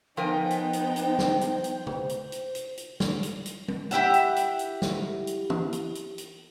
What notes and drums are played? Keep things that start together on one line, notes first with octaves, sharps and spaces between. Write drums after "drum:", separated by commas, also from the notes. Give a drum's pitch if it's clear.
F3 B3 D#4 A#4 C5 G5 G#5
drum: hi-hat
drum: hi-hat
drum: hi-hat
drum: snare
drum: hi-hat
drum: hi-hat
drum: tom C3
drum: hi-hat
drum: hi-hat
drum: hi-hat
drum: hi-hat
drum: snare
drum: hi-hat
drum: hi-hat
drum: tom
E4 G4 E5 F#5, drum: hi-hat
drum: hi-hat
drum: hi-hat
drum: hi-hat
drum: snare
drum: hi-hat
drum: tom
drum: hi-hat
drum: hi-hat
drum: hi-hat